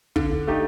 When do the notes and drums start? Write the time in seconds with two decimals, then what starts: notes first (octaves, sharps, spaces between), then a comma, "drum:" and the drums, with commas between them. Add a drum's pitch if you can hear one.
0.16 D3, drum: kick
0.47 A3 D#4 G4